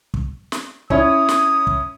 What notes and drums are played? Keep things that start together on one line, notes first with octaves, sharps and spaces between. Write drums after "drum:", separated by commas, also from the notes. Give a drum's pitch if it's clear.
drum: kick
drum: snare
C#4 E4 C#5 D#6, drum: kick
drum: snare
drum: kick